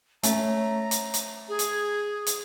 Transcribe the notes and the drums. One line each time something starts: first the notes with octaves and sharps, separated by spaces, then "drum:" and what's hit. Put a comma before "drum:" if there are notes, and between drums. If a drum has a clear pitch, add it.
A3 C#4 A#5, drum: hi-hat
drum: hi-hat
drum: hi-hat
G#4
drum: hi-hat
drum: hi-hat